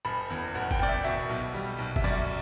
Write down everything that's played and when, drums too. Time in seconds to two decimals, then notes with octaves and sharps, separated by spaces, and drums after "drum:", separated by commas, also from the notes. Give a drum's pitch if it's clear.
0.05 F#1 B5
0.30 E2
0.55 F#1 F#5
0.71 G5, drum: kick
0.79 F#1 D5
0.88 E5
1.04 B2 E5
1.29 B1
1.54 G3
1.78 B1
1.96 E5, drum: kick
2.04 F#2 D5